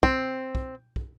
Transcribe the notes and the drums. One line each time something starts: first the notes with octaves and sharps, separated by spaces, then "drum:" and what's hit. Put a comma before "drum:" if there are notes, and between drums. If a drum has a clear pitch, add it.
C4, drum: kick
drum: kick
drum: kick